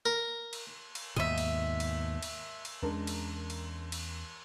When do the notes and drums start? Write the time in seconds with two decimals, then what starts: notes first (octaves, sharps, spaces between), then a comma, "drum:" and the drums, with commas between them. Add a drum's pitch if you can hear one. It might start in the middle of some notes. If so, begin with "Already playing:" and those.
0.06 A#4
0.53 drum: cymbal
0.95 drum: cymbal
1.16 D#2 G#2 B2 D#5 E5
1.38 drum: cymbal
1.80 drum: cymbal
2.23 drum: cymbal
2.65 drum: cymbal
2.82 E2 G#3 C#4 D4 A#4
3.07 drum: cymbal
3.50 drum: cymbal
3.92 drum: cymbal